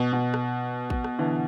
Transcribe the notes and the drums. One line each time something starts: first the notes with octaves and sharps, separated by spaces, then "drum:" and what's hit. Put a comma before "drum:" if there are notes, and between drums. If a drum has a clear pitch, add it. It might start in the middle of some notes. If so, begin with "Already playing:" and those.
Already playing: B2
B2
drum: rim click
drum: kick
drum: rim click
D3 E3